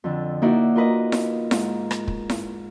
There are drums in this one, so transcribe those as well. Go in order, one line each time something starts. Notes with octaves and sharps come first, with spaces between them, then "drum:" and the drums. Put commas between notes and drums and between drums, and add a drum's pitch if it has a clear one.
F2 D3
A#3 D#4 E4 F#4 D5
F4 A#4 B4 D#5
drum: snare E4
G#2, drum: snare E4
drum: rim click
drum: kick
drum: snare E4